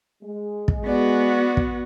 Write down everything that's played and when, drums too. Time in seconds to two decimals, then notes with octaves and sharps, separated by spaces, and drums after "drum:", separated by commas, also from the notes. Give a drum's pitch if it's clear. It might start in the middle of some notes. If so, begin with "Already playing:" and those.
0.23 G#3
0.68 drum: kick
0.86 B3 F#4 D5
1.57 drum: kick